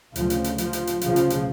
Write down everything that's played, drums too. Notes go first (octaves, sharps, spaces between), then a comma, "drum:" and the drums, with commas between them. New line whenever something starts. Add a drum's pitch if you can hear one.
D2 C#3 F3, drum: hi-hat
drum: hi-hat
drum: hi-hat
F3, drum: hi-hat
drum: hi-hat
drum: hi-hat
D2 C#3 F3, drum: hi-hat
drum: hi-hat
drum: hi-hat